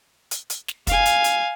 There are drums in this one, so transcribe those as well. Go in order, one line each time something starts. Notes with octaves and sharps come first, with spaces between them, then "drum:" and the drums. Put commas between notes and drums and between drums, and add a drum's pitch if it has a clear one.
drum: hi-hat
drum: hi-hat
drum: snare
F5 G#5, drum: kick, hi-hat
drum: hi-hat
drum: hi-hat